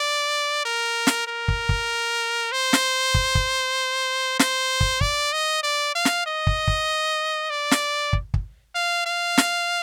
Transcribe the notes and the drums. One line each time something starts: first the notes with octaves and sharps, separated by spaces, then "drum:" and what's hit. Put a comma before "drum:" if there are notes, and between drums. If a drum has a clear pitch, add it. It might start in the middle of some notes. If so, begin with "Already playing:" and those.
Already playing: D5
A#4
drum: snare
A#4
drum: kick
drum: kick
C5
drum: snare
drum: kick
drum: kick
C5, drum: snare
drum: kick
D5, drum: kick
D#5
D5
F5
drum: snare
D#5
drum: kick
drum: kick
D5
drum: snare
drum: kick
drum: kick
F5
F5
drum: snare